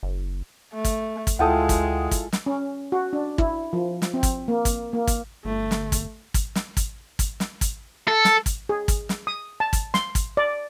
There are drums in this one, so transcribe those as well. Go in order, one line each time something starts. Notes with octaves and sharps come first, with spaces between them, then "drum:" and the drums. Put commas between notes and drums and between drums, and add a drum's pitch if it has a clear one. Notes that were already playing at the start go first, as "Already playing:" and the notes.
F#1
A3
drum: kick, hi-hat
drum: kick, hi-hat
D2 G#3 E4 F4 A4 F#5 G5 D#6
drum: kick, hi-hat
drum: kick, hi-hat
drum: snare
C#4
F#4
D4
E4, drum: kick
F3
drum: snare
C4
drum: kick, hi-hat
A#3
drum: kick, hi-hat
A#3
drum: kick, hi-hat
G1 A3
drum: snare
drum: kick, hi-hat
drum: kick, hi-hat
drum: snare
drum: kick, hi-hat
drum: kick, hi-hat
drum: snare
drum: kick, hi-hat
A4
drum: snare
drum: kick, hi-hat
G#4
drum: kick, hi-hat
drum: snare
D#6
A5
drum: kick, hi-hat
C6, drum: snare
drum: kick, hi-hat
D5